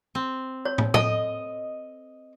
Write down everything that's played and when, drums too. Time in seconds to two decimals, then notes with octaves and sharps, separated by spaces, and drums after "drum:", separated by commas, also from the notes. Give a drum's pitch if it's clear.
0.15 C4
0.65 C#5
0.78 drum: tom
0.94 A4 D#5, drum: tom